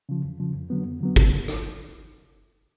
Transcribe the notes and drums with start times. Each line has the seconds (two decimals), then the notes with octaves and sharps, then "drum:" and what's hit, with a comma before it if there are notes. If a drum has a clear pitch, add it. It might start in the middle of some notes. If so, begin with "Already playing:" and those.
0.09 C#3 F3
0.24 E2
0.40 C#3 F3
0.55 F2
0.70 D3 F#3 B3
0.86 F2
1.01 D3 F#3 B3
1.16 C#3, drum: kick
1.48 drum: rim click